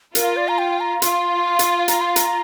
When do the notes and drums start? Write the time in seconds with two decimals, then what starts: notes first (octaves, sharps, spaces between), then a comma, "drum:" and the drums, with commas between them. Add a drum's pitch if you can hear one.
0.15 F4 A#4, drum: hi-hat
0.37 D5
0.48 A#5
0.58 G5
0.80 A#5
1.02 F4 C6, drum: hi-hat
1.59 drum: hi-hat
1.88 A#5, drum: hi-hat
2.01 C6
2.16 A#5, drum: hi-hat